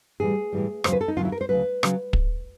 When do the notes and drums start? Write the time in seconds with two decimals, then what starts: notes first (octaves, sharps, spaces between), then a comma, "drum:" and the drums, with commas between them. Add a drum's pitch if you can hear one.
0.20 A2 E3 G3 G#4
0.53 A2 E3 G3
0.84 D#2 C#3 F#3 C5, drum: rim click
0.92 B4
1.01 A4
1.08 D#4
1.17 D#2 C#3 F#3 F4
1.25 E4
1.32 A#4
1.41 C5
1.49 D2 C#3 F#3 B4
1.83 C#3 F#3, drum: rim click
2.13 drum: kick